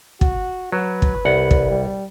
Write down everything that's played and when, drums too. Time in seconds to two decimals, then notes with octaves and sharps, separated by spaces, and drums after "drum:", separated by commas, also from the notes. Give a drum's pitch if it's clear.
0.21 F#4, drum: kick
0.72 F#3 B4
1.02 drum: kick
1.25 C2 F#5
1.51 drum: kick
1.71 G3